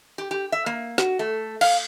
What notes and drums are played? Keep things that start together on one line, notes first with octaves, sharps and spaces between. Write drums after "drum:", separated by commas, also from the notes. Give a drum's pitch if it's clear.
G4
G4
E5
A#3
F#4, drum: snare
A3
F5, drum: cymbal